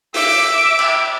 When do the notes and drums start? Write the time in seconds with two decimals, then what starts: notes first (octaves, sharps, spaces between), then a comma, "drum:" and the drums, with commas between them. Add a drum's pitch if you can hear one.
0.14 E5 D6, drum: open hi-hat
0.79 drum: cymbal